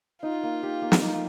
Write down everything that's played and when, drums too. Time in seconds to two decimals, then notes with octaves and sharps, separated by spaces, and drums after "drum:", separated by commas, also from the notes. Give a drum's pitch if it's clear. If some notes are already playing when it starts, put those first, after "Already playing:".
0.23 D#4 F4
0.43 A#3
0.63 G4
0.82 A#3
0.92 drum: snare
1.02 D#4